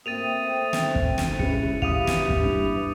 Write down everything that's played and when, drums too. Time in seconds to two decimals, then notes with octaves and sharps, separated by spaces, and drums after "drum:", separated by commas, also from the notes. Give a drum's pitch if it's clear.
0.06 A3 A#3 C4 D#6 A6 D#7 F7
0.73 drum: snare
0.95 drum: kick
1.18 drum: snare
1.39 C#3 G#3 E4 B4 C#7, drum: kick
1.82 G4 F5 D#6 D#7 F7, drum: kick
2.07 drum: snare
2.30 drum: kick
2.41 G2